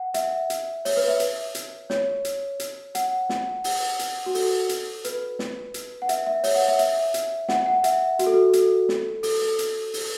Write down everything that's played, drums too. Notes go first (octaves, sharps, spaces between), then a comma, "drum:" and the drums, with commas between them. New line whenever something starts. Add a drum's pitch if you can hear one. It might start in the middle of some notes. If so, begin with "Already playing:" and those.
Already playing: F#5
E5, drum: hi-hat
drum: hi-hat
C#5, drum: open hi-hat
B4
E5
drum: hi-hat
drum: hi-hat
C#5, drum: snare
drum: hi-hat
drum: hi-hat
F#5, drum: hi-hat
drum: snare
F#5, drum: open hi-hat
drum: hi-hat
F#4
A4, drum: open hi-hat
drum: hi-hat
B4, drum: hi-hat
drum: snare
drum: hi-hat
F#5
E5, drum: hi-hat
E5
C#5, drum: open hi-hat
F#5
E5
E5, drum: hi-hat
drum: hi-hat
F#5, drum: snare
F#5
E5, drum: hi-hat
F#4, drum: hi-hat
A4
F#4
A4, drum: hi-hat
drum: snare
A4, drum: open hi-hat
A4
drum: hi-hat
drum: open hi-hat